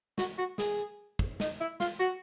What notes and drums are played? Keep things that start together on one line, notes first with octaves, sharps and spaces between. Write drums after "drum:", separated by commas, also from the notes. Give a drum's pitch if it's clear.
F#4, drum: snare
F#4
G#4, drum: snare
drum: kick
D#4, drum: snare
E4
F4, drum: snare
F#4